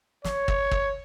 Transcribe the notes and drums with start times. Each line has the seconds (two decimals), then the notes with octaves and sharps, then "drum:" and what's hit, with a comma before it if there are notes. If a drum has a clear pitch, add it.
0.25 C#5, drum: snare
0.48 drum: kick
0.71 drum: kick